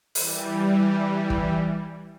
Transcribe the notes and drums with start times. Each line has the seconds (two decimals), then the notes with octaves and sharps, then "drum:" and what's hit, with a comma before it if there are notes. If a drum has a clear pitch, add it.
0.15 E3 G3, drum: open hi-hat
1.30 drum: kick